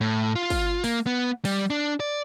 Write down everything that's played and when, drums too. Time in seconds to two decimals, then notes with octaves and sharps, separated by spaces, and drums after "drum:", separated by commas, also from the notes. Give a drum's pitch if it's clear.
0.01 A2
0.36 F4
0.50 drum: kick, open hi-hat
0.84 A#3, drum: open hi-hat
1.06 B3
1.45 G3, drum: open hi-hat
1.70 D4
2.00 D5